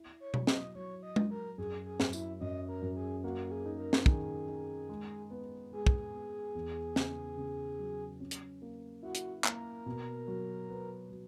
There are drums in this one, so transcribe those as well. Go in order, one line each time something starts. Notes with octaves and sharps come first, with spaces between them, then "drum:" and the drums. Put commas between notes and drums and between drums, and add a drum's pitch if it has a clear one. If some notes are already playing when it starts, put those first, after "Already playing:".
Already playing: E4
C#5
F#3, drum: tom B2
D#5, drum: snare
F#3 C#5
D#5
F#3, drum: tom G#3
A#4
F#2 G#4
G#4
F#2, drum: snare
E4, drum: tambourine
F#2 D#5
A#4
F#2
G#4
A#3 F#4
F#4
G#4
D#4
A#4
drum: snare
D#3 G#4, drum: kick
D#4
G#3
B3
G#3 G#4
drum: kick
B3
E2
C#3, drum: snare
C#3
F#3
C#4
drum: hi-hat
A#3
E4 F#4
drum: hi-hat
A#3 A#4, drum: clap
B2
F#3
B3
F#3